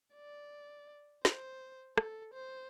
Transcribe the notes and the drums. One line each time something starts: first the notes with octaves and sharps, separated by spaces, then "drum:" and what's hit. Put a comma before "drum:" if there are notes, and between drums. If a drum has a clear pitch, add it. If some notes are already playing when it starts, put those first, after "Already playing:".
D5
C5, drum: snare
A4, drum: rim click
C5